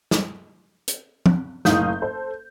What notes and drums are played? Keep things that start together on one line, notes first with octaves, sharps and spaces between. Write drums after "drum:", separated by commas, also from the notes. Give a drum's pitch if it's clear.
drum: snare
drum: hi-hat
drum: tom
F#1 A2 D#4 F5 D#6 G6, drum: snare
A4 C5